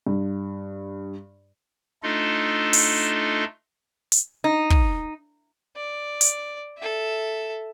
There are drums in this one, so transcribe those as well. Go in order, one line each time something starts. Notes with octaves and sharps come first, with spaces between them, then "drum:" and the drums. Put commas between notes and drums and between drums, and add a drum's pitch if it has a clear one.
G2
A3 D4 D#4 F4 A4 D#5
drum: open hi-hat
drum: hi-hat
D#4
drum: kick
D5
drum: hi-hat
A4 E5